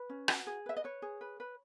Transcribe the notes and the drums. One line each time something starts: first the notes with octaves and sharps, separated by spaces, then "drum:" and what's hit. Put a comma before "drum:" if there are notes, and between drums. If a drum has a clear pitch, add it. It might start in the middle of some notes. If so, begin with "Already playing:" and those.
Already playing: B4
C#4
F#4, drum: rim click
G#4
B4 E5
D#5
B4 C#5
G#4
B4
B4